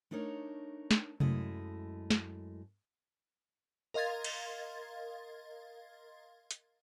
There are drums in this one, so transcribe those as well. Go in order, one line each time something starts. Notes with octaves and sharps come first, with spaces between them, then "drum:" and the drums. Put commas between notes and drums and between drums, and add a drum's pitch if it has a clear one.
A3 D4 D#4 A#4 C#5
drum: snare
F#2 G#3 A3 E4 D#5, drum: tom C3
drum: snare
A#4 D#5 F5 C6 G#6 A6
drum: cymbal
drum: hi-hat